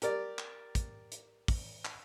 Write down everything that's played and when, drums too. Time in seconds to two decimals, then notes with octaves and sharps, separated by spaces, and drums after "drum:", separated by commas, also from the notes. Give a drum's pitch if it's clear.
0.02 G4 A#4 D5, drum: hi-hat
0.38 drum: clap
0.75 drum: kick, hi-hat
1.12 drum: hi-hat
1.48 drum: kick, open hi-hat
1.85 drum: clap